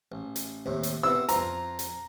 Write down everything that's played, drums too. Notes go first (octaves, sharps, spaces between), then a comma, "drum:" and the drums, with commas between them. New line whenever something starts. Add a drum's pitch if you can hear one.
A1
drum: hi-hat
D#2 A2 C3
drum: hi-hat
C3 B3 C4 E6
F2 C4 F4 A#5, drum: hi-hat
drum: hi-hat